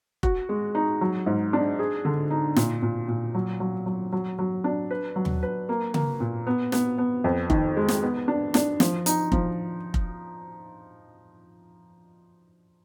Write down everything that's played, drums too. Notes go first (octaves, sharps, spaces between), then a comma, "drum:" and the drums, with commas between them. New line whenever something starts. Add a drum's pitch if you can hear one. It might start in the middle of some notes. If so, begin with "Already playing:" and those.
F#4, drum: kick F1
G#3
D#4
F#3
G#2
D4
G#4
D3
D#4
A#2, drum: snare
A#2
A#2
F#3
F#3
F#3
F#3
F#3
D4
B4
F#3
drum: tom D#2
B4
A#3
A#3, drum: tom C#3
A#2
B3
B3, drum: snare
B3
F2
D#3, drum: kick F1
G#3
drum: snare
B3
D4
D4, drum: snare
F3, drum: snare
D#4, drum: hi-hat
F3, drum: kick F1
drum: kick F1